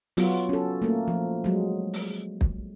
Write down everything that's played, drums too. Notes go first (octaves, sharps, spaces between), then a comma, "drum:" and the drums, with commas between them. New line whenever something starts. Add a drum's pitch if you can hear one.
F#3 B3 F4 F#4, drum: open hi-hat
C#4 A4
A3 A#3
F3
F#3 G#3
drum: open hi-hat
drum: kick